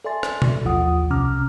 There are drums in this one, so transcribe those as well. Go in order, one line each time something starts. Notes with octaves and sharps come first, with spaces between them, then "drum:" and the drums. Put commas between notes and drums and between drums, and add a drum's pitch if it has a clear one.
A4 D5 E5 G#5 C6 A6
drum: rim click
drum: tom B2
A1 D#2 F3 F4 F#5 D#6
C2 C3 C#4 A#5 D6 F6